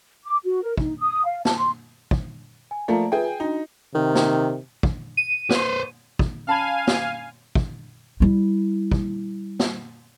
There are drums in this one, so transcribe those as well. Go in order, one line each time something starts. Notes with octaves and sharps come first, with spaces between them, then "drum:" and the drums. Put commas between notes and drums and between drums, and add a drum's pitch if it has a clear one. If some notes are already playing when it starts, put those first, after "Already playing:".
D6
F#4
A#4
D#4, drum: kick
D#6
F5
A5, drum: snare
C6
drum: kick
G#5
F3 A3 A#3 D5 A5 A#5
F4 G#4 B4 E5 G5
G#5
D4 D#4 F#4
C3 D#3
drum: snare
drum: kick
D#7
B4 C5, drum: snare
drum: kick
C#4 F5 G#5 A5 B5
drum: snare
drum: kick
G3 E4
drum: kick
drum: snare